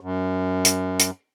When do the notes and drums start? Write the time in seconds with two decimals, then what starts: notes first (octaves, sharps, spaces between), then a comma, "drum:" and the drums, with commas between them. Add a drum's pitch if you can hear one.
0.01 F#2
0.65 drum: hi-hat
1.00 drum: hi-hat